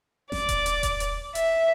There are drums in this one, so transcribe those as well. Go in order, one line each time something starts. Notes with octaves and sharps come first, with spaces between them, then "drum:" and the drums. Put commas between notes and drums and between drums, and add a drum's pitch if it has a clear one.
D5, drum: snare F#1
drum: kick D#1, hi-hat
drum: hi-hat
drum: kick D#1, hi-hat
drum: hi-hat
E5, drum: hi-hat